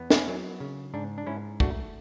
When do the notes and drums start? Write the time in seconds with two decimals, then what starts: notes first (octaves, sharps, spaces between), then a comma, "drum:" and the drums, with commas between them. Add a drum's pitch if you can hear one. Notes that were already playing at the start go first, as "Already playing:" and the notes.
Already playing: E2 B3
0.10 C#4 E4, drum: snare
0.27 F#3
0.60 C#3
0.94 G#2 D4
1.18 D4
1.27 G#2 C#4 E4
1.60 A3 D4 F#4, drum: kick